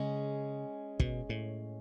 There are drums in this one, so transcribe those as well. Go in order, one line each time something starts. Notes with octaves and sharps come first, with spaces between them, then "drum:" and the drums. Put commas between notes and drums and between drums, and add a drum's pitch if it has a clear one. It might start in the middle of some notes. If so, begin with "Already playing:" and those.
Already playing: C#3 G#3 C#4 G#4
B2, drum: kick
A2